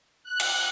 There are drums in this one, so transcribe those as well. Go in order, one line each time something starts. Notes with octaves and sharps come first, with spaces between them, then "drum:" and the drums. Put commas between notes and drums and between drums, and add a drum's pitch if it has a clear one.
F#6
drum: cymbal